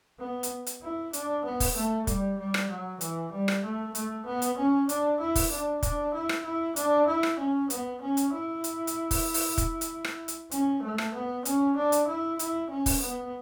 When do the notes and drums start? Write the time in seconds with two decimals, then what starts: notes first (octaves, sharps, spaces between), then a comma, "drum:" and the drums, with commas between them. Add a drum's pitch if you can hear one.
0.20 B3
0.43 drum: hi-hat
0.66 drum: hi-hat
0.82 E4
1.13 D4, drum: hi-hat
1.45 B3
1.60 drum: kick, open hi-hat
1.76 A3
2.07 G3, drum: kick, hi-hat
2.38 G3
2.54 drum: rim click
2.70 F#3
3.01 E3, drum: hi-hat
3.32 G3
3.48 drum: rim click
3.63 A3
3.95 A3, drum: hi-hat
4.26 B3
4.42 drum: hi-hat
4.58 C#4
4.89 D4, drum: hi-hat
5.20 E4
5.35 drum: kick, open hi-hat
5.51 D4
5.83 D4, drum: kick, hi-hat
6.14 E4
6.29 drum: rim click
6.45 E4
6.76 D4, drum: hi-hat
7.07 E4
7.23 drum: rim click
7.39 C#4
7.70 B3, drum: hi-hat
8.01 C#4
8.17 drum: hi-hat
8.33 E4
8.64 drum: hi-hat
8.87 drum: hi-hat
9.11 drum: kick, open hi-hat
9.34 drum: open hi-hat
9.58 drum: kick, hi-hat
9.81 drum: hi-hat
10.04 drum: rim click
10.28 drum: hi-hat
10.51 C#4, drum: hi-hat
10.82 A3
10.98 drum: rim click
11.14 B3
11.45 C#4, drum: hi-hat
11.77 D4
11.92 drum: hi-hat
12.08 E4
12.39 E4, drum: hi-hat
12.70 C#4
12.86 drum: kick, open hi-hat
13.01 B3